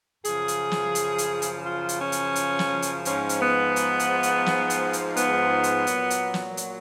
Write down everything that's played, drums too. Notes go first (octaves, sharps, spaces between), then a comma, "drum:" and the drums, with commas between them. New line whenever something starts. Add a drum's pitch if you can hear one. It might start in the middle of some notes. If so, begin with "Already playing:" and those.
F#2 C#3 F3 G#4, drum: hi-hat
drum: hi-hat
drum: snare
drum: hi-hat
drum: hi-hat
drum: hi-hat
F4
drum: hi-hat
C#4
drum: hi-hat
drum: hi-hat
drum: snare
drum: hi-hat
G#2 F3 C#4, drum: hi-hat
drum: hi-hat
B3
drum: hi-hat
drum: hi-hat
drum: hi-hat
drum: snare
drum: hi-hat
drum: hi-hat
B3, drum: hi-hat
drum: hi-hat
A#2 F#3, drum: hi-hat
drum: hi-hat
drum: snare
drum: hi-hat